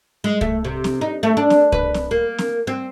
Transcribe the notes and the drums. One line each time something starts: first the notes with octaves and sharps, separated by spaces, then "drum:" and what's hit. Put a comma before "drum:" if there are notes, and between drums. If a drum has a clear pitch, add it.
G#3
A3, drum: kick C2
C3
drum: snare C4
D#4
A3
D4
drum: snare C4
B4, drum: kick C2
drum: snare C4
A#3
drum: snare C4
C4